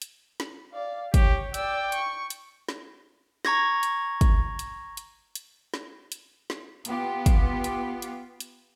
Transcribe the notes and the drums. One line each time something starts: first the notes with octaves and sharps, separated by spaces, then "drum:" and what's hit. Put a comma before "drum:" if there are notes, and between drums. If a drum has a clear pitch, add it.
drum: hi-hat
drum: snare
D5 F5
G4 C#5, drum: kick, hi-hat
D5 G5 E6, drum: hi-hat
C#6, drum: hi-hat
drum: hi-hat
drum: snare
A#5 C#6 G#6 A#6, drum: snare
drum: hi-hat
drum: kick, hi-hat
drum: hi-hat
drum: hi-hat
drum: hi-hat
drum: snare
drum: hi-hat
drum: snare
B3 F4 G4, drum: hi-hat
drum: kick, hi-hat
drum: hi-hat
drum: hi-hat
drum: hi-hat